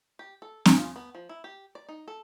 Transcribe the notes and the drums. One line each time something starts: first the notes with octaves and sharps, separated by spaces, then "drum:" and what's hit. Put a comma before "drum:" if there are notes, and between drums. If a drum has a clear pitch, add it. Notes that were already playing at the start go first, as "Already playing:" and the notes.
G4
A4
C#4, drum: snare C4
F4
B3
F3
E4
G4
D5
D#4
A4